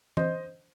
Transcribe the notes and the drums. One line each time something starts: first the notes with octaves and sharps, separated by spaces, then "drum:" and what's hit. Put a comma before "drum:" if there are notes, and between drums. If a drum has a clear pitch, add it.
C5 D#5, drum: tom E3